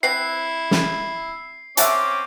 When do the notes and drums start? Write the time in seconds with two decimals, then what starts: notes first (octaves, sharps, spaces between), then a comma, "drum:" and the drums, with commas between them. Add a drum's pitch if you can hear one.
0.03 C4 E4 F#5 C7
0.71 drum: snare
1.77 C4 C#4 E5 F#5 A5 D6, drum: hi-hat